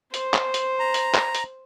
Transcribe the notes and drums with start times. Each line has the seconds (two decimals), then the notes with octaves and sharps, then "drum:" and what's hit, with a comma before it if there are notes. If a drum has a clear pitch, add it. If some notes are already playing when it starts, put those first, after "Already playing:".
0.14 C5, drum: hi-hat
0.34 drum: clap
0.54 drum: hi-hat
0.79 A#5
0.94 drum: hi-hat
1.14 drum: clap
1.35 drum: hi-hat